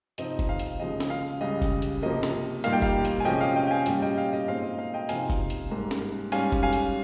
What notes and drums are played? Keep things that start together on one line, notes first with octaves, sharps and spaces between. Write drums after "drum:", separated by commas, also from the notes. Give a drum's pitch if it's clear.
C3 F3 C4 D#4 D#5, drum: hi-hat
drum: kick F1
F5
drum: hi-hat
D#2 C#3 F3 G#3 D#5
drum: snare
F5
C#2 C#3 G3 D#5
drum: kick F1
drum: hi-hat
C3 F3 A#3 D#5
drum: snare
A#2 G3 A#3 D#4 F5, drum: hi-hat
G5
F5, drum: kick F1
drum: hi-hat
G#5
C3 F3 G#3 C#4 D#5 G5
F5
D#5 G5
G5
F5 G#5
A#2 G3 C#4, drum: hi-hat
D#5 G5
F5
D#5
A#2 G#3 C4 D#4 F5
D#5
F5
D#5 G5
C3 F3 C4 D#4 F5 G#5, drum: hi-hat
drum: kick F1
drum: hi-hat
G#2 G3 A#3
drum: snare
G#2 G3 C#4 F5 G#5, drum: hi-hat
drum: kick F1
F5 G#5
drum: hi-hat